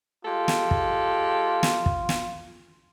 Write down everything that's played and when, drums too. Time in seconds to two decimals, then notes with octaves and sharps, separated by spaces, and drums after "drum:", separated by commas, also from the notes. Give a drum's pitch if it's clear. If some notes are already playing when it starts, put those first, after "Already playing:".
0.25 G#3 F4 G4 A4
0.48 drum: snare
0.71 drum: kick
1.63 drum: snare
1.86 drum: kick
2.09 drum: snare